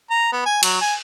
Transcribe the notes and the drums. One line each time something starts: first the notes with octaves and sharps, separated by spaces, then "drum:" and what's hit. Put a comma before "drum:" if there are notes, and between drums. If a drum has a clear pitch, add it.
A#5
B3
G#5
F#3, drum: cymbal
G#5